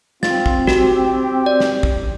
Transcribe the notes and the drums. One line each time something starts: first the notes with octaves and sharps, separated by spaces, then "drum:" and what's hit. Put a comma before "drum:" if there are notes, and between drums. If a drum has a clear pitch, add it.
C4 F4 A6, drum: snare
drum: kick
F#4 G4, drum: snare
D5
drum: snare
drum: kick